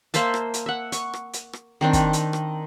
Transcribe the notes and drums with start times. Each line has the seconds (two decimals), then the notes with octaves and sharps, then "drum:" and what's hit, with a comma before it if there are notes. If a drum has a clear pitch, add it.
0.14 A#3 C5 E5 A5, drum: hi-hat
0.34 drum: rim click
0.54 drum: hi-hat
0.66 E5 F#5
0.92 C#6, drum: hi-hat
1.13 drum: rim click
1.33 drum: hi-hat
1.53 drum: rim click
1.81 D#3 C4 D4
1.93 drum: kick, hi-hat
2.13 drum: hi-hat
2.33 drum: rim click